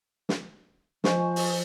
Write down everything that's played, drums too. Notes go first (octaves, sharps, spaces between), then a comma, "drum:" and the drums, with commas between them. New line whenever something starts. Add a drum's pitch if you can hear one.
drum: snare
F3 C5 D#5 G#5 C#6, drum: snare
drum: open hi-hat